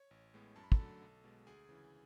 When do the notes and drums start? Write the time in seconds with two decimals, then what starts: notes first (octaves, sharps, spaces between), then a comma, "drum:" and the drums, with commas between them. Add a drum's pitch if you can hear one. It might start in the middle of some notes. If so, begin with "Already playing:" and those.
Already playing: C#5
0.11 A1
0.34 A2 G#3 B3
0.56 F#2 A5
0.64 B5
0.72 A4 A5, drum: kick
0.79 D3 F#3 A3
1.02 B1
1.24 B2 G#3
1.47 D2 G#4 G#5
1.69 C#3 E3